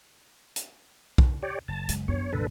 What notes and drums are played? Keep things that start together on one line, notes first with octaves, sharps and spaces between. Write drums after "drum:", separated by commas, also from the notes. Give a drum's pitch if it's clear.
drum: hi-hat
drum: kick
G4 C#5 D5
F#1 A5
G#3, drum: hi-hat
G1 F#2 B3 D4 C#5
C2 A#2 D3 G3 A4 B4